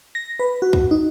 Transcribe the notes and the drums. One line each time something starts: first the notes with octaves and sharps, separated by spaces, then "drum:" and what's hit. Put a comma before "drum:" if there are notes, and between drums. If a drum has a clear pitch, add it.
A#6
B4
F#4
drum: kick
D#4